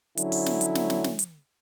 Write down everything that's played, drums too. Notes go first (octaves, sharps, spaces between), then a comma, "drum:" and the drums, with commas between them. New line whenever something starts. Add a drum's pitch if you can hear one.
D3 F#3 C#4 E4, drum: hi-hat
drum: open hi-hat
drum: snare
drum: hi-hat
drum: snare
drum: snare
drum: snare
drum: hi-hat